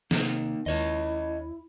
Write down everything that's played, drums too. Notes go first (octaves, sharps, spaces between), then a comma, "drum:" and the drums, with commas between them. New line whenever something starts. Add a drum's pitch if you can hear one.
C3 A#3 D#4, drum: snare
D#2 C#4 E4 C#5 D#5
drum: hi-hat